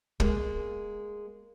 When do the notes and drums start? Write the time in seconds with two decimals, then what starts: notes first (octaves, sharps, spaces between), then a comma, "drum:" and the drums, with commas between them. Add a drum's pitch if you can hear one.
0.20 G#3 A#3, drum: kick